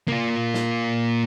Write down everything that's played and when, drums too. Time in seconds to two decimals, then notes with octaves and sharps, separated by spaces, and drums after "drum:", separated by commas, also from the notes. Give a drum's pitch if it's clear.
0.08 A#3 F4, drum: tom C3
0.54 drum: snare